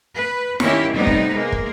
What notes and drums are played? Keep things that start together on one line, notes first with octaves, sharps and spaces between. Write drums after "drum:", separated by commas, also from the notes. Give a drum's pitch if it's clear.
B4
D#3 A#3 C#4 E4 G4 C#5, drum: snare
C3 G3 A3 B3 D#4
drum: kick
G#3 A#3
drum: kick